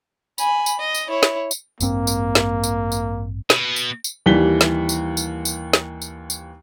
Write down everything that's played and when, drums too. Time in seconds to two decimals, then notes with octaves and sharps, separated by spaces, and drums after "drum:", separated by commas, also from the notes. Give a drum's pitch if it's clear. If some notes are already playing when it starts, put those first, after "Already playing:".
0.38 G#5 B5, drum: tambourine
0.66 drum: tambourine
0.79 D#5
0.94 drum: tambourine
1.08 E4 C#5
1.23 drum: snare
1.51 drum: tambourine
1.81 A1 G2 A#3 C4, drum: tambourine
2.07 drum: tambourine
2.35 drum: snare
2.64 drum: tambourine
2.92 drum: tambourine
3.50 B2, drum: snare
3.76 drum: tambourine
4.04 drum: tambourine
4.26 D#2 E3 G3 B6 G7
4.61 drum: snare
4.89 drum: tambourine
5.17 drum: tambourine
5.45 drum: tambourine
5.73 drum: snare
6.02 drum: tambourine
6.30 drum: tambourine